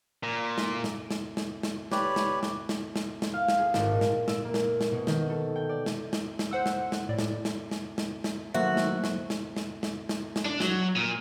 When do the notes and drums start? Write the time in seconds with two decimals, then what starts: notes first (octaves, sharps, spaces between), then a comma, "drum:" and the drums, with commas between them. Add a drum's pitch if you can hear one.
0.23 A#2
0.58 drum: snare
0.84 drum: snare
1.11 drum: snare
1.37 drum: snare
1.63 drum: snare
1.92 G4 B4 C#5 D5, drum: snare
2.16 drum: snare
2.43 drum: snare
2.69 drum: snare
2.96 drum: snare
3.22 drum: snare
3.34 F5
3.48 drum: snare
3.59 G#4
3.74 G#1, drum: snare
3.90 A#2
4.01 drum: snare
4.28 E6, drum: snare
4.45 A#3
4.54 drum: snare
4.81 drum: snare
4.91 B2
5.07 D#3, drum: snare
5.30 A4
5.56 G5
5.69 D5
5.86 drum: snare
6.13 drum: snare
6.39 drum: snare
6.51 C5 F#5 E6
6.66 drum: snare
6.92 drum: snare
7.09 A2 D5
7.19 drum: snare
7.45 drum: snare
7.71 drum: snare
7.98 drum: snare
8.24 drum: snare
8.54 D#3 F#3 A3 A#3 F#4 C5 E5
8.77 drum: snare
9.04 drum: snare
9.30 drum: snare
9.56 drum: snare
9.83 drum: snare
10.09 drum: snare
10.36 drum: snare
10.45 D4
10.60 F#3, drum: snare
10.96 A#2